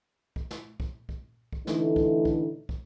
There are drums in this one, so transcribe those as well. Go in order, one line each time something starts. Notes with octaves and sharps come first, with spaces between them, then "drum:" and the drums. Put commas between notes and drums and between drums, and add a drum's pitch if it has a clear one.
drum: kick
drum: snare
drum: kick
drum: kick
drum: kick
D3 E3 A3 D#4, drum: snare
drum: kick
drum: kick
drum: kick